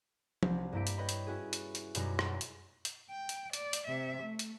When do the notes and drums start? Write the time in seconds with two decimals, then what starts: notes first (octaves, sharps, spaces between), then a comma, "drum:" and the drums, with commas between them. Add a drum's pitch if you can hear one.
0.43 C2 C4, drum: tom F3
0.72 G2 A#3 E4 G4 B6 D7
0.87 drum: hi-hat
0.98 B4 C#5 D#5 G5 B5
1.09 drum: hi-hat
1.27 C#4 E4 F#4 G#4
1.53 drum: hi-hat
1.75 drum: hi-hat
1.95 F#2 B2 G3 D#4, drum: hi-hat
2.19 drum: rim click
2.41 drum: hi-hat
2.85 drum: hi-hat
3.11 G5
3.29 drum: hi-hat
3.53 D5, drum: hi-hat
3.73 drum: hi-hat
3.88 C3 E5
4.23 A3
4.39 drum: hi-hat